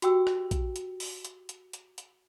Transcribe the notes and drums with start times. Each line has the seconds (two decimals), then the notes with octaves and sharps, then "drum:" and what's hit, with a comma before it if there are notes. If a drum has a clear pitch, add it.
0.02 F#4 G4 G5 E6, drum: hi-hat
0.27 drum: rim click
0.51 drum: kick, hi-hat
0.76 drum: hi-hat
1.00 drum: open hi-hat
1.25 drum: hi-hat
1.49 drum: hi-hat
1.73 drum: hi-hat
1.98 drum: hi-hat